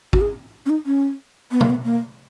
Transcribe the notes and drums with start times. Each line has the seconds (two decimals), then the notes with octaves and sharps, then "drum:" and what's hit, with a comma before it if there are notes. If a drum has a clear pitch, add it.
0.13 F#4, drum: kick
0.21 G#4
0.66 C#4
0.70 D#4
0.86 C#4
1.51 B3
1.61 A#3, drum: tom
1.70 B3
1.85 A#3